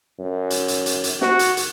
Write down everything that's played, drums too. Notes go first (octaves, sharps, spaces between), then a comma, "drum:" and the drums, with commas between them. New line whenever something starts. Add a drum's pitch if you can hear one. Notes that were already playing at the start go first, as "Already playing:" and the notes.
F#2
drum: hi-hat
drum: hi-hat
drum: hi-hat
drum: hi-hat
F#4, drum: snare
drum: hi-hat
drum: hi-hat